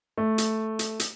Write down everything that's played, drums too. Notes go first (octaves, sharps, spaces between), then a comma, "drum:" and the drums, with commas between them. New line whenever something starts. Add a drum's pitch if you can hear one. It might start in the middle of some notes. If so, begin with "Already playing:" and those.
A3
drum: hi-hat
drum: hi-hat
drum: hi-hat